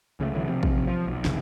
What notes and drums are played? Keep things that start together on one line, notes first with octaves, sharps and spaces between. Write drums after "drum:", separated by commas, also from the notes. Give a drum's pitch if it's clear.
C#2 C#3 G#3 A3
C2 D3 E3 F#3
C3 F3 C4
drum: kick
F3
B1
F1 C2 C#3 E3, drum: snare